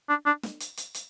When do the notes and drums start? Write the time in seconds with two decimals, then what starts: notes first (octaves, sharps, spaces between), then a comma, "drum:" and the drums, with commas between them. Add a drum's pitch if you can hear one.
0.09 D4
0.26 D4
0.43 drum: snare
0.60 drum: hi-hat
0.77 drum: hi-hat
0.94 drum: hi-hat